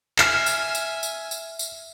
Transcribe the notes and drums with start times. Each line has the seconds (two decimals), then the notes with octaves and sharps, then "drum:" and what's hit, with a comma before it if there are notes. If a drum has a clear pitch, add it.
0.18 E5 G#5 F6 C7 E7, drum: clap
0.46 drum: tambourine
0.75 drum: tambourine
1.03 drum: tambourine
1.31 drum: tambourine
1.59 drum: tambourine